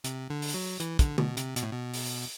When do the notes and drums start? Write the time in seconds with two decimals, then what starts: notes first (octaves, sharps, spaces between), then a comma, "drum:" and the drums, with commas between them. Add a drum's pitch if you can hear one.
0.04 C3, drum: hi-hat
0.30 D3
0.42 drum: open hi-hat
0.54 F#3
0.80 E3, drum: hi-hat
0.99 D3, drum: kick, hi-hat
1.18 B2, drum: tom D3
1.37 C3, drum: hi-hat
1.56 B2, drum: hi-hat
1.63 A2
1.71 B2
1.93 drum: open hi-hat